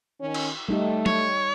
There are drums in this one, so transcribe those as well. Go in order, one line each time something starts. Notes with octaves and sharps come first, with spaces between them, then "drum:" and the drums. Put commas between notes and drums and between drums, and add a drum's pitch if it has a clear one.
D#3 C#4
drum: cymbal
G3 A3 D#4 G4
C#5, drum: tom